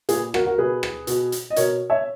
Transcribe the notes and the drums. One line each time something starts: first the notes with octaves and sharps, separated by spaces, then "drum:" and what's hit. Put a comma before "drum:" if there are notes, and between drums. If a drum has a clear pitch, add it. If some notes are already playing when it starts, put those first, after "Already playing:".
A#2 G#4 B4, drum: hi-hat
F#4 A#4, drum: rim click
F#4 A#4
B2 G#4 B4
drum: rim click
B2, drum: hi-hat
drum: hi-hat
D#5
B2 A#4 C#5, drum: hi-hat
C#5 E5